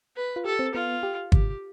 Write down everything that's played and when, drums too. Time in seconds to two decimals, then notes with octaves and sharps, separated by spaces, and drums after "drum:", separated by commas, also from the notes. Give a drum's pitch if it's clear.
0.16 B4
0.36 F4
0.45 G4 A4
0.59 C4
0.75 B3 F4
1.03 G4
1.32 G4, drum: kick